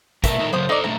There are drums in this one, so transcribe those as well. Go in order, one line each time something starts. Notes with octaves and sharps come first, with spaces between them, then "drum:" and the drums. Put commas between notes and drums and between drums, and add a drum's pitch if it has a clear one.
B2 A3 A#4, drum: kick, hi-hat
A2 D#4 A#4
C#3 F#3 C5 D#6
D#4 A4 C5 D5
A#2 A3 D4 A#5